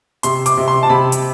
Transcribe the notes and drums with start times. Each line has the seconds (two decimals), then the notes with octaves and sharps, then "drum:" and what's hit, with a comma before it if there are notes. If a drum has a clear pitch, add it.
0.23 C3 C6, drum: hi-hat
0.46 D6, drum: hi-hat
0.57 C3
0.68 C6
0.83 A5
0.89 C3 B5
1.12 drum: hi-hat